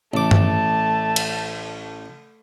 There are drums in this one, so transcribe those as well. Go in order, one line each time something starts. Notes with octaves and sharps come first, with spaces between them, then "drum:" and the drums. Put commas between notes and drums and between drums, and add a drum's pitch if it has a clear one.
A1 A3 A5 D6
drum: tom G2
drum: cymbal